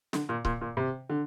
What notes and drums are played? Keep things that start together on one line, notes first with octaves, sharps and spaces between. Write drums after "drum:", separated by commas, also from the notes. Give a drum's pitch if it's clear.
D3, drum: snare
A#2
A#2, drum: kick C#1
A#2
C3
D3